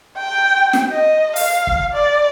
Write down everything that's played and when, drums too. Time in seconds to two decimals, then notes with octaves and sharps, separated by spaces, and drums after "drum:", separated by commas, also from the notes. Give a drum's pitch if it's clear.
0.17 G5
0.73 drum: snare
0.92 D#5
1.36 F5, drum: open hi-hat
1.67 drum: kick
1.93 D5